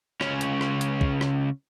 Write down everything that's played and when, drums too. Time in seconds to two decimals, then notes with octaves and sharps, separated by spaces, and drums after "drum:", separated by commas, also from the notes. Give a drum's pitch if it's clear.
0.21 C#2 C#4, drum: rim click
0.41 drum: hi-hat
0.61 drum: rim click
0.81 drum: hi-hat
1.01 drum: kick
1.21 drum: rim click